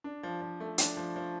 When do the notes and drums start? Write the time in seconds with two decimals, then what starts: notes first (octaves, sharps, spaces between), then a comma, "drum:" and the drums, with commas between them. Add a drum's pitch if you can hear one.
0.04 D4
0.23 F3
0.41 F3
0.60 A3
0.78 D4, drum: hi-hat
0.97 F3
1.16 F3